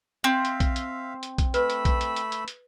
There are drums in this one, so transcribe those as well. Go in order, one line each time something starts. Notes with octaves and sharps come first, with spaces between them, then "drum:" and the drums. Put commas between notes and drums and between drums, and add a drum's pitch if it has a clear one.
C4 E5 F5
drum: hi-hat
drum: kick B1, hi-hat
drum: hi-hat
drum: hi-hat
drum: kick B1, hi-hat
A3 B4 B5 E6, drum: hi-hat
drum: hi-hat
drum: kick B1, hi-hat
drum: hi-hat
drum: hi-hat
drum: hi-hat
drum: hi-hat